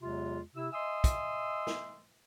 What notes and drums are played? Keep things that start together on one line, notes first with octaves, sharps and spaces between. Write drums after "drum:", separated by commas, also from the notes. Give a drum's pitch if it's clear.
E2 C3 F#3 G#3 F4
C3 E4 E6
D#5 E5 G#5 C6 D#6 E6
drum: kick, hi-hat
drum: snare